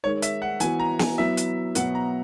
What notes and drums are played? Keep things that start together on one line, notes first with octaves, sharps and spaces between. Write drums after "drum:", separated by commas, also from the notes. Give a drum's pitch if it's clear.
D#3 G#3 D#4 A#4 C#5
E5, drum: hi-hat
F#5
E3 B3 F#4 G#5, drum: hi-hat
A#5
G#5, drum: snare
F#3 B3 E4 E5
drum: hi-hat
B2 F#3 B3 F#4 F#5, drum: hi-hat
A#5